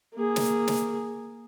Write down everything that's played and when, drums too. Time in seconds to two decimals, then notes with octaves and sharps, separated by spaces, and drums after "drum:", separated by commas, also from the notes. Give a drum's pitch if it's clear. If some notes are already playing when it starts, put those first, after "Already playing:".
0.14 A#3 G#4
0.36 drum: snare
0.68 drum: snare